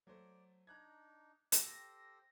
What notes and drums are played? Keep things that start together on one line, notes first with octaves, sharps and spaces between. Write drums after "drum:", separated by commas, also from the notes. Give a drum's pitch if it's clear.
F#3 A3 C5 D5
D4 D#4 A#5 F#6 G#6
G4 A4 C5 G5 A#6, drum: hi-hat